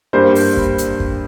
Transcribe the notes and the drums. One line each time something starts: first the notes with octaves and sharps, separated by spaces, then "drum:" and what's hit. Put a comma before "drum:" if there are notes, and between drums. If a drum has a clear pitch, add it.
G2 G3 A#3 C5
drum: open hi-hat
drum: kick
drum: hi-hat
drum: kick